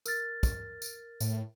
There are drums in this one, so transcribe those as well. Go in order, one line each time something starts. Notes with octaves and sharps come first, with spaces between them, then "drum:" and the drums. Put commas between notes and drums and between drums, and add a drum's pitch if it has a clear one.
A#4 F6 A6, drum: tambourine
drum: kick, tambourine
drum: tambourine
A2, drum: tambourine